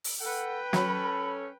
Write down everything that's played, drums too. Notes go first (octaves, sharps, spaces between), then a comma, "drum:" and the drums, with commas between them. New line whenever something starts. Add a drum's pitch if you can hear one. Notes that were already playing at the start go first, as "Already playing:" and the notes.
drum: open hi-hat
A4 B4 F#5 G5
F#3 C#4 A4 B5, drum: snare